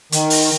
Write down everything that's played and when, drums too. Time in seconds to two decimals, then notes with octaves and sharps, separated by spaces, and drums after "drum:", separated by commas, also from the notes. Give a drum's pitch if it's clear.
0.12 D#3, drum: hi-hat
0.30 drum: open hi-hat